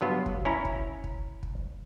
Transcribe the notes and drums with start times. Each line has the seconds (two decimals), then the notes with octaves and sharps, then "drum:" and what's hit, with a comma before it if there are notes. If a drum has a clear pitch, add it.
0.01 G2 F#3 B3 F4
0.26 drum: kick
0.45 C#4 E4 A#5
0.65 drum: kick
1.04 drum: kick
1.43 drum: kick